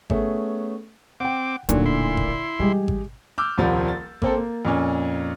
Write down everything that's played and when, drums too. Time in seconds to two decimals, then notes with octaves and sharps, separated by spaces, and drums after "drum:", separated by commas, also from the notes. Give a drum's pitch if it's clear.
0.10 A3 B3 C#4 G#4, drum: kick G#1
1.20 C4 F#5 G5 D6
1.69 D1 A#2 D3 F#3 D#4, drum: hi-hat
1.86 E4 C6
2.17 drum: kick G#1
2.59 E3 G3 G#3 G4 G#4
2.88 drum: kick G#1
3.38 D6 E6 F6 G6
3.58 D#1 C2 F3 A6
3.88 A6
4.22 A#3 C4 A4, drum: kick G#1
4.37 A#3
4.65 F2 A#2 C#4